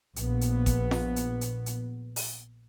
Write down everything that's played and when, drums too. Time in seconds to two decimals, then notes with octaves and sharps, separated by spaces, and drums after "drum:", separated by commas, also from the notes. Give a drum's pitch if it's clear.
0.16 A#1 B3, drum: hi-hat
0.41 drum: hi-hat
0.66 drum: kick G#1, hi-hat
0.91 drum: snare F4
1.16 drum: hi-hat
1.41 drum: hi-hat
1.66 drum: hi-hat
2.16 drum: open hi-hat